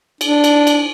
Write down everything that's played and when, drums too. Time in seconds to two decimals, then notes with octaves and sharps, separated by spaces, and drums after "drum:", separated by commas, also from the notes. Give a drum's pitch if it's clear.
0.21 D4, drum: cymbal
0.44 drum: cymbal
0.67 drum: cymbal